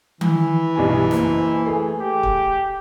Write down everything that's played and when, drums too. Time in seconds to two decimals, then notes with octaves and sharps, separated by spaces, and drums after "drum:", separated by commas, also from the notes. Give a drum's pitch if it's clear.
0.21 E3, drum: tom D#3
0.76 B1 G2 G#5
1.11 F#1, drum: snare
1.66 A3 G#4
2.00 G4
2.23 drum: kick